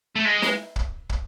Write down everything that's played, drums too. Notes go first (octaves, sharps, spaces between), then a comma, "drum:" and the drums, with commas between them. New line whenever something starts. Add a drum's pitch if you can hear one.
A3
G#3
drum: snare
drum: kick
drum: kick